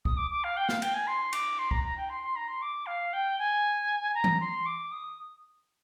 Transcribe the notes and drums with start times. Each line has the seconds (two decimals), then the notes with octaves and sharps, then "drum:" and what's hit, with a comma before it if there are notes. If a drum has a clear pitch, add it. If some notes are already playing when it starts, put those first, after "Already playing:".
0.05 D#6, drum: kick
0.17 D6
0.31 D6
0.44 F5
0.57 G5
0.69 F5, drum: snare
0.82 G5, drum: cymbal
0.94 G#5
1.07 C6
1.33 D6, drum: cymbal
1.59 C6
1.71 A#5, drum: kick
1.84 A#5
1.97 G5
2.09 C6
2.24 C6
2.36 A#5
2.48 C6
2.62 D6
2.86 F5
3.13 G5
3.39 G#5
4.15 A#5
4.24 drum: tom E3
4.41 C6
4.66 D6
4.92 D#6